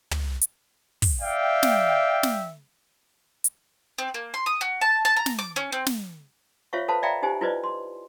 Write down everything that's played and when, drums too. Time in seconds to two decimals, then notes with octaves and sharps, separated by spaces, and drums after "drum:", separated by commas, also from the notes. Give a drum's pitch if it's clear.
0.11 drum: tom
0.42 drum: hi-hat
1.02 drum: kick, open hi-hat
1.22 D5 E5 F5 G5
1.63 drum: snare
2.23 drum: snare
3.44 drum: hi-hat
3.98 C4
4.14 A#3
4.34 C6
4.46 D#6
4.61 F#4
4.81 A5
5.05 A5
5.17 A#5
5.26 drum: snare
5.39 D6
5.56 C#4
5.72 C4
5.86 drum: snare
6.73 F4 C5 C#5 E5 F5 C#6
6.88 A4 B4 C5 F5 A5 B5
7.03 D5 E5 F5 G5 A#5 B5
7.22 D#4 G4 C5 G#5
7.41 E4 F4 B4 C5 D5 D#5
7.64 C6